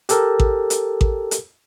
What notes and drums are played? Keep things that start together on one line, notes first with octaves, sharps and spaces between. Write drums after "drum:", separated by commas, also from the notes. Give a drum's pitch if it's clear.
G4 A4 A#4, drum: hi-hat
drum: kick A1
drum: hi-hat
drum: kick A1
drum: hi-hat